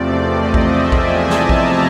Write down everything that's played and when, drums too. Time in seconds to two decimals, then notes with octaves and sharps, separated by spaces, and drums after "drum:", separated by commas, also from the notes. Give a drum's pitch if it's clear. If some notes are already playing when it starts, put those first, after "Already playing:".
Already playing: E2 C3 F3 A3 C4 D5
0.35 D#5
0.54 drum: kick A#1
0.63 E5
0.92 G#5, drum: kick A#1
1.20 A5
1.30 drum: snare
1.49 A#5, drum: kick A#1